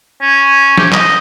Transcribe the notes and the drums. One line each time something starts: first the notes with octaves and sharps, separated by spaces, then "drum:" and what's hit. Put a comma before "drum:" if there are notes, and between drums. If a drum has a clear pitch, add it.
C#4
G4, drum: snare
D#5, drum: clap